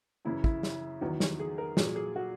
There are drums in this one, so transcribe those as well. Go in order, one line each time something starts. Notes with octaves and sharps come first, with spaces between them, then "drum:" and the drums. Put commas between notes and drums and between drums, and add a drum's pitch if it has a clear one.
F#2 C#3 E3 E4
E4, drum: kick
drum: snare
E2 D#3 F#3
drum: snare
G#4
A#4
A#2 F#3 G#4, drum: snare
G#4
F#4